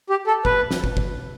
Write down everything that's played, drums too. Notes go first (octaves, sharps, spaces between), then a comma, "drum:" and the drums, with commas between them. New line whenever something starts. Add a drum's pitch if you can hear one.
G4
A4
B4, drum: kick
drum: snare
drum: kick
drum: kick